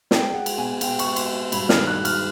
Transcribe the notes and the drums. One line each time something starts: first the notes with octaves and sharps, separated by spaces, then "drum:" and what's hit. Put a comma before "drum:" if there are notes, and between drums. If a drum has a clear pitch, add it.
G#3 G5, drum: snare
G#3 F#5
drum: cymbal
B2 G#5
B2 G5, drum: cymbal
C#6, drum: cymbal
G#3
C6, drum: cymbal
G#3
G2 B5, drum: cymbal
F6, drum: snare
D#3
F#6
G#3
F6, drum: cymbal